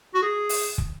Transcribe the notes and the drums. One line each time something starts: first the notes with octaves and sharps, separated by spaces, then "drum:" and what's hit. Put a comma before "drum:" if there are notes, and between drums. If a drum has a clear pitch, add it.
F#4
G#4
drum: open hi-hat
drum: kick